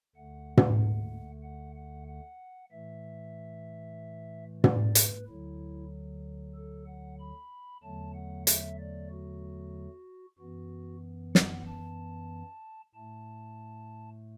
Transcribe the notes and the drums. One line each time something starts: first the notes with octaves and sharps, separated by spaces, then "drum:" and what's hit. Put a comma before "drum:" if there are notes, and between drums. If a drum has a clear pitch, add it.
D2 D3 A3 F#5
drum: tom
F#5
F#5
F#5
A2 E3 A3 E5
D5, drum: tom
B4, drum: hi-hat
D2 D3 F#3 E4
A4
F#5
B5
E2 D3 F#3 A3 A5
F#5
E5, drum: hi-hat
D5
F#4
F#2 E3 B3 F#4
F#5, drum: snare
A5
A2 A3 A5